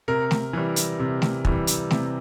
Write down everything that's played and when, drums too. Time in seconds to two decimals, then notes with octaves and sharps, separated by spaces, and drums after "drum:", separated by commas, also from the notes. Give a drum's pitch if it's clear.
0.08 C3 A#4
0.31 drum: snare A3
0.53 E3 G3
0.76 drum: hi-hat
0.99 C3
1.22 drum: snare A3
1.45 E3 G3, drum: kick
1.67 drum: hi-hat
1.91 C3, drum: snare A3